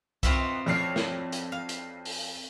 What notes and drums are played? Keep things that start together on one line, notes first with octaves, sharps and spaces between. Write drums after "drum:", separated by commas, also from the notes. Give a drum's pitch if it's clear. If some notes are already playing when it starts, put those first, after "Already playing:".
D#3 B3 C4 F4 B4 E5, drum: kick, hi-hat
F2 F#4 C#5 D5 F6 C7
drum: snare
drum: hi-hat
F5
drum: hi-hat
drum: open hi-hat